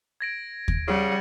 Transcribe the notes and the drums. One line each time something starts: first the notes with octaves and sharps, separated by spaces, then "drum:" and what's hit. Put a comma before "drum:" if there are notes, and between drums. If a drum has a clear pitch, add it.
G#6 A#6 D7
drum: kick
C#3 G3 F#5